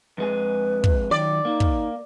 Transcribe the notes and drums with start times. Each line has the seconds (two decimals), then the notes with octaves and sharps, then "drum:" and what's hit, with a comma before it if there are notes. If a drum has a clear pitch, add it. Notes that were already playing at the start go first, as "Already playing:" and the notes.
0.18 F2 G#3 G#4 B4
0.84 drum: kick
1.11 D#3 F#3 D5
1.45 A#3 D#4
1.60 drum: kick